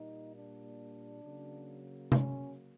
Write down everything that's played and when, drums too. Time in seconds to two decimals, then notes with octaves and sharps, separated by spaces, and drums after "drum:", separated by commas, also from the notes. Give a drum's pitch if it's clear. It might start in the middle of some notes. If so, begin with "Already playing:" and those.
Already playing: A#2 G3 A#3 D#4
0.36 D4
1.24 C#3 F#3 A#3
2.12 C#4, drum: tom C3